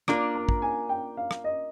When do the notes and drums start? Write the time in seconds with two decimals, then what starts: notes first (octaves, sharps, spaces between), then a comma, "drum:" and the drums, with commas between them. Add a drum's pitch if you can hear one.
0.08 A#3 D4 F4 A#4 D6, drum: rim click
0.35 A#5
0.49 drum: kick
0.62 G#5
0.89 G5
1.17 F5
1.31 drum: rim click
1.44 D#5